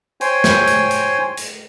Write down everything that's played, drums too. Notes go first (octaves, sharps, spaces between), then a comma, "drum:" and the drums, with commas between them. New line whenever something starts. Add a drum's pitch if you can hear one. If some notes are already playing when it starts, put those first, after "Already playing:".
C5 C#5 G5 G#5, drum: hi-hat
drum: snare
drum: hi-hat
drum: hi-hat
drum: hi-hat